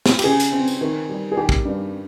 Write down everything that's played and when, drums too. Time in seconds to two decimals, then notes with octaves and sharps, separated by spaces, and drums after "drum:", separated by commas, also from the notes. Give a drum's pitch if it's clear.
0.06 drum: snare
0.19 G4, drum: cymbal
0.24 C#3 G#4
0.40 drum: hi-hat
0.52 C4
0.68 drum: tambourine
0.81 D#3
1.09 G3
1.32 G#4
1.37 D#3 G4
1.49 drum: kick
1.65 G2